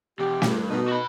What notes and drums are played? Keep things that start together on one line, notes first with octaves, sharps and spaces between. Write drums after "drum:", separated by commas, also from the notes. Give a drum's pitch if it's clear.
E2 B2 G4
G2, drum: snare
B2 D#4
F#4 B5